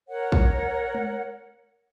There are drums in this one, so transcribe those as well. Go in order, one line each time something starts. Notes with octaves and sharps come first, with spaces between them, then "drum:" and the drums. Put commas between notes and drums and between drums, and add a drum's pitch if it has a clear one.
A#4 C#5 F#5
drum: kick
drum: tom G#3